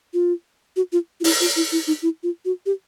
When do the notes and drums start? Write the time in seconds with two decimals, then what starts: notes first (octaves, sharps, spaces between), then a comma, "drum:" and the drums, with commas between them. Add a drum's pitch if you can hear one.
0.14 F4
0.76 F#4
0.93 F4
1.21 F4
1.24 E4, drum: open hi-hat
1.40 F4
1.56 E4
1.72 E4
1.87 D#4
2.02 E4
2.23 F4
2.45 F#4
2.66 G4